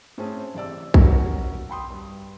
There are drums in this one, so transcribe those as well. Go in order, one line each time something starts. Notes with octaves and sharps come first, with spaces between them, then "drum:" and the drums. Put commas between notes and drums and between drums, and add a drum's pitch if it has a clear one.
A2 C4 C#4 G#4 A5
A1 C3 D5 E6
C#4 F#4 G4 A#4, drum: kick A#1
G5 B5 C6 D#6
G2